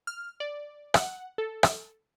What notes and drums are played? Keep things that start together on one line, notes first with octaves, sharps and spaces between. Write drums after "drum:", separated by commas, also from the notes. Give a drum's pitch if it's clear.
F6
D5
F#5, drum: rim click
A4
drum: rim click